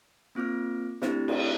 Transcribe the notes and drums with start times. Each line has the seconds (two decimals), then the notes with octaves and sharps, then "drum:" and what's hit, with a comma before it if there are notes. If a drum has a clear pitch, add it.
0.35 A#3 C4 F4 D6 F6
1.02 A3 C4 D4 E4 G4, drum: snare
1.28 drum: cymbal